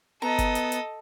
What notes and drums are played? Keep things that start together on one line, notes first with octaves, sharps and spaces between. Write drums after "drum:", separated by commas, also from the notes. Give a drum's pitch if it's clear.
B3 A4 D#5 A#5
drum: kick F#1, hi-hat
drum: hi-hat
drum: hi-hat